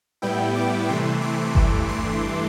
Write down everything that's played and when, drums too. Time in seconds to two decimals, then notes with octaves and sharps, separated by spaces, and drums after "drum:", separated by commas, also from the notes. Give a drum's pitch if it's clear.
0.22 A2 G3 B3 E4 G5
0.55 D6
0.89 C3 E3 A3 C6
1.21 D6
1.55 G2 E3 A3, drum: kick G1
1.89 C6